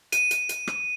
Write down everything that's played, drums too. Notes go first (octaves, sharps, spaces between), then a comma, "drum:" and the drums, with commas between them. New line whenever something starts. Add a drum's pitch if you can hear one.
D#7, drum: hi-hat
drum: hi-hat
drum: hi-hat
drum: rim click